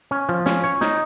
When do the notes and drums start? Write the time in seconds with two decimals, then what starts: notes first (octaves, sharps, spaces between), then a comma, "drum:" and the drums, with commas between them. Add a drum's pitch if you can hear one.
0.11 C#4
0.29 F3
0.46 C#4, drum: snare
0.64 C#5
0.81 D#4, drum: snare